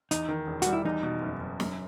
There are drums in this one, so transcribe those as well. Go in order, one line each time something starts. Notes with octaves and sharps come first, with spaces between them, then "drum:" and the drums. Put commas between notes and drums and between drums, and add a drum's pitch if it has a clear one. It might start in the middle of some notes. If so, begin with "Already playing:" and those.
E2 D#4, drum: hi-hat
D#3
E1
G3 F#4, drum: hi-hat
E4
E2 D#4
B2
F#1
F#1
F#2, drum: snare